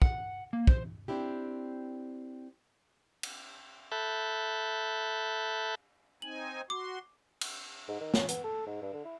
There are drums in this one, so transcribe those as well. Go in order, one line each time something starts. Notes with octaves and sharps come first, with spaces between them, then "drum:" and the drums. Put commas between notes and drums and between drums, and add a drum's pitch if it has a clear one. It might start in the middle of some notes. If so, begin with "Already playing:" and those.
F#5, drum: kick
A#3
C5, drum: kick
C4 D4 E4 G4
drum: cymbal
A4 E5 A5 B5 F#6 G6
C4 D#4 G#5 F#7
F#4 C6 D6
drum: cymbal
G#2
D#3
C#4, drum: snare
B3, drum: hi-hat
A4
G#2
G2
D3
E4